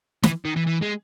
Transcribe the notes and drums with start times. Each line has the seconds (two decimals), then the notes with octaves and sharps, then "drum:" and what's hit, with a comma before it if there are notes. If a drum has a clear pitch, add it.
0.23 E3, drum: snare
0.45 D#3
0.56 E3
0.67 E3
0.82 G#3